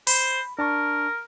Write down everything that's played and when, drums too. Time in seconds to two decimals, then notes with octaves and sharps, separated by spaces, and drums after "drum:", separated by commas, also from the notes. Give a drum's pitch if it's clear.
0.07 C5 B5, drum: open hi-hat
0.59 D4 A#4 A5 C#6